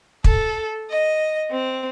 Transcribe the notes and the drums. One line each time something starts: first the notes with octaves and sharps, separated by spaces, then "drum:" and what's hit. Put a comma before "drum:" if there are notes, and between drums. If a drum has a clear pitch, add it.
A4, drum: kick
D#5
C4